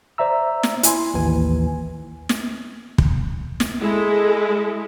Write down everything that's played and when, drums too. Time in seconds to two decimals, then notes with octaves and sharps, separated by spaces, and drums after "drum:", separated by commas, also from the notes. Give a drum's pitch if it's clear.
0.18 C5 D5 E5 A#5 E6
0.63 drum: snare
0.83 E4 G#5 C6, drum: hi-hat
1.14 A1 D#2 E3 G#5
2.29 drum: snare
2.98 drum: kick
3.60 drum: snare
3.80 G#3 E4 G#4 A4